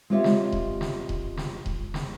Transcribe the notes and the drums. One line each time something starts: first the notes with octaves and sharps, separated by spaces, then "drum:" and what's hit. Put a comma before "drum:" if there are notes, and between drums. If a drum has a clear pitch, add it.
G#3 C4 F4 G4 C#5 E5
drum: snare
drum: kick D#1
drum: snare
drum: kick D#1
drum: snare
drum: kick D#1
drum: snare